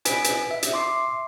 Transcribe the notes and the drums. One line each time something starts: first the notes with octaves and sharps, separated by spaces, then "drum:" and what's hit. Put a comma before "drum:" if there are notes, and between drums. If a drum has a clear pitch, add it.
B4 G#5 B6 D7, drum: hi-hat
drum: hi-hat
E5
drum: hi-hat
C6 D6 C7